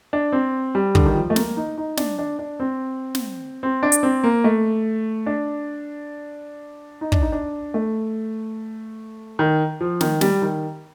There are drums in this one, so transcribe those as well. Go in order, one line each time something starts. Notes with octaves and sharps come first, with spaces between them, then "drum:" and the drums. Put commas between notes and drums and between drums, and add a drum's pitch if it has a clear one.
D4
C4
G3
D3, drum: kick
D#3
F3
A3
A#3, drum: snare
D#4
D#4
D4, drum: snare
D4
D4
C4
drum: snare
C4
D4
drum: hi-hat
C4
A#3
A3
D4
D#4
D4, drum: kick
D#4
D4
A3
D#3
F3
D#3, drum: snare
G3, drum: snare
D#3